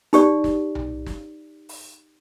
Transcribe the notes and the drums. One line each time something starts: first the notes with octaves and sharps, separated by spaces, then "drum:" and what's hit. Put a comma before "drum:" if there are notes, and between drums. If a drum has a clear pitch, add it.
D#4 G4 D5, drum: hi-hat
drum: snare
drum: tom B1
drum: snare
drum: open hi-hat